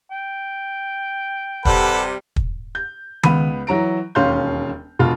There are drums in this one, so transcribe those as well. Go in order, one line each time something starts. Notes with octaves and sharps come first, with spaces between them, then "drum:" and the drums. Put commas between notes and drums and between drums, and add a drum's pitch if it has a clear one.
G5
C3 G3 A4 B4 F#5, drum: kick
drum: kick
G6
C#2 B3 B5 D#7, drum: tom D#3
E3 F#3 A#5 D7
E1 D#2 C#4 F5 C6 G6
E1 B2 F4 F6